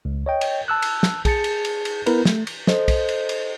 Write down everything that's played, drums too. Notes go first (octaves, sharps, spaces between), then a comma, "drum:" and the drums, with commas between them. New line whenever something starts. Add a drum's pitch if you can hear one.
C#2
C#5 D#5 G5
drum: cymbal
A5 E6 F#6
drum: cymbal
drum: snare
G#4 A5 A6 C#7, drum: kick, cymbal
drum: cymbal
drum: cymbal
drum: cymbal
B3 E4 A#4 B4, drum: cymbal
A3, drum: snare
drum: cymbal
A4 C5 D#5, drum: snare
drum: kick, cymbal
drum: cymbal
drum: cymbal